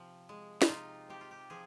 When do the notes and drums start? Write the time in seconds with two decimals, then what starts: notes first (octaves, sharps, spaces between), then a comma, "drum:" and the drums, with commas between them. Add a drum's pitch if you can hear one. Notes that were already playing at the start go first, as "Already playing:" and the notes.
Already playing: C3 F3
0.29 G#3
0.62 D#4, drum: snare
0.70 C3 F4
1.10 C3 G4
1.21 F4
1.31 G4
1.50 F3 G#4